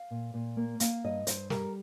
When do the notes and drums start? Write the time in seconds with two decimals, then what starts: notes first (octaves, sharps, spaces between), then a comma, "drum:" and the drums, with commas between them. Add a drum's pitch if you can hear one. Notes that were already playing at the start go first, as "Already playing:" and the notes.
Already playing: F5
0.11 A#2
0.34 A#2
0.57 A#3
0.80 A#3 F5, drum: hi-hat
1.04 G2 D#5
1.27 G2 C5, drum: hi-hat
1.50 G3 A#4, drum: snare